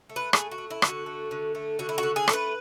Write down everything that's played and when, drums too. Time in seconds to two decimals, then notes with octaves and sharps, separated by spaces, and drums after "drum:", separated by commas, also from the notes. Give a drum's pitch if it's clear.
0.09 A3
0.16 B4
0.33 A3 G#4, drum: rim click
0.51 F#4
0.58 A3
0.70 E4
0.82 D3, drum: rim click
0.88 F#4
1.06 A3
1.31 D3
1.55 A3
1.79 D3 F#4
1.89 E4
1.98 F#4
2.03 D3
2.16 G#4
2.28 A3 A4, drum: rim click
2.33 B4